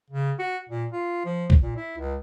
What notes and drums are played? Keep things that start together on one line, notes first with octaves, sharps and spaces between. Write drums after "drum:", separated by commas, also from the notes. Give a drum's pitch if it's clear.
C#3
F#4
A#2
F4
F3
drum: kick
A#2
E4
C#2